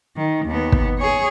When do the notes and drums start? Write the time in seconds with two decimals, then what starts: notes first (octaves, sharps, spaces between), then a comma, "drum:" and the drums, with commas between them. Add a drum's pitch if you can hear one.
0.17 D#3
0.46 D#2 B3
0.72 drum: kick
0.98 G#4 C#5